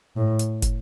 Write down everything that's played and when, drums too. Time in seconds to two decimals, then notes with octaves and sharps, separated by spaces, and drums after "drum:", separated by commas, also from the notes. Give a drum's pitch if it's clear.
0.17 A2
0.39 drum: hi-hat
0.62 drum: kick, hi-hat